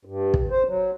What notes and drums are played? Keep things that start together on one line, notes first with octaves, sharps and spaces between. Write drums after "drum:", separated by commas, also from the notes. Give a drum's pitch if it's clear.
G2
drum: kick
C5
F#3